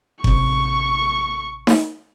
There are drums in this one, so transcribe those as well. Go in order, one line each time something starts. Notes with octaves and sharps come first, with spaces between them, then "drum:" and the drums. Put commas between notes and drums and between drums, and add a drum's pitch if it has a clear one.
A1 C3 C#6, drum: kick F#1
drum: snare D#4